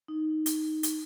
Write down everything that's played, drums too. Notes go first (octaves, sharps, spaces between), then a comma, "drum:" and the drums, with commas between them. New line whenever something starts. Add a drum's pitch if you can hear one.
D#4
drum: hi-hat
drum: hi-hat